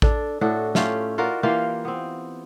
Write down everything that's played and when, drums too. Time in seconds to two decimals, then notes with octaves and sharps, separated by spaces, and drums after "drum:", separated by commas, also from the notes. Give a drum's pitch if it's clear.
0.02 D4 A4, drum: kick A1
0.41 A2 D4 F#4 A4
0.75 A3 C#4 F4 G4, drum: snare
1.18 F4 F#4 A#4 D5
1.43 E3 A#3 F4 G4
1.85 B3 C4